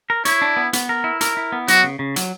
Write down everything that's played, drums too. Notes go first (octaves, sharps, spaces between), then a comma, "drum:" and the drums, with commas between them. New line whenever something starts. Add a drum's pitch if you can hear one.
A#4
E4 C#5, drum: hi-hat
D4
B3
B3, drum: hi-hat
A#4
E4
A#4, drum: hi-hat
E4
B3
F#3 F#4, drum: hi-hat
C#3
C#3
F#3, drum: hi-hat